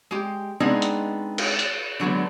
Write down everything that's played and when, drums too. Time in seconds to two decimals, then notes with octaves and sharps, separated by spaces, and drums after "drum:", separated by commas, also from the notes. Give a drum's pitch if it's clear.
0.11 G#3 G4
0.60 G#3 B3 C4 D4 D#4 G#4
0.82 drum: hi-hat
1.38 drum: cymbal
1.59 drum: hi-hat
2.00 D3 F#3 G#3 B3